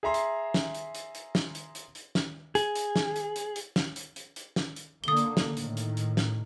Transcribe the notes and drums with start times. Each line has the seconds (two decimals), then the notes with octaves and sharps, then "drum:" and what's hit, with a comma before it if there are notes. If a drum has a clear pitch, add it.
0.03 G#4 E5 A#5 C6
0.14 drum: hi-hat
0.54 drum: snare
0.75 drum: hi-hat
0.95 drum: hi-hat
1.15 drum: hi-hat
1.35 drum: snare
1.55 drum: hi-hat
1.75 drum: hi-hat
1.95 drum: hi-hat
2.15 drum: snare
2.55 G#4, drum: hi-hat
2.75 drum: hi-hat
2.96 drum: snare
3.16 drum: hi-hat
3.36 drum: hi-hat
3.56 drum: hi-hat
3.76 drum: snare
3.96 drum: hi-hat
4.16 drum: hi-hat
4.36 drum: hi-hat
4.56 drum: snare
4.76 drum: hi-hat
5.04 D3 A#3 D#6 G7
5.17 drum: hi-hat
5.37 drum: snare
5.57 A2 D#3, drum: hi-hat
5.77 drum: hi-hat
5.97 drum: hi-hat
6.17 drum: snare